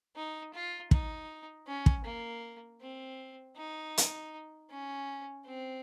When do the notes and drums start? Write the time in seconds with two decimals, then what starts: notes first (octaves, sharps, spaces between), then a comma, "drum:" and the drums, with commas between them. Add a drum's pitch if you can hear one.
0.16 D#4
0.54 F4
0.91 D#4, drum: kick
1.67 C#4
1.86 drum: kick
2.05 A#3
2.81 C4
3.56 D#4
3.97 drum: hi-hat
4.70 C#4
5.45 C4